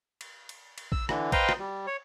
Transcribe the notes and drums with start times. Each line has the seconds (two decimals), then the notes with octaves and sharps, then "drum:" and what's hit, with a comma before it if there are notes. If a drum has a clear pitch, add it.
0.21 drum: cymbal
0.49 drum: cymbal
0.78 drum: cymbal
0.92 E6, drum: kick A#1
1.09 D3 E3, drum: rim click
1.32 B4 C5 D#5 F5 G5 A#5, drum: kick A#1, cymbal
1.49 drum: rim click
1.59 G3
1.87 C#5